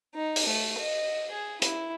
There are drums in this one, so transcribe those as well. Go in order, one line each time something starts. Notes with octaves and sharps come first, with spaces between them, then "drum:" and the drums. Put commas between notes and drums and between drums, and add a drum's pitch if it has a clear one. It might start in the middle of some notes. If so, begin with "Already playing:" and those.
D#4
drum: open hi-hat
A3
D#5
G#4
E4, drum: hi-hat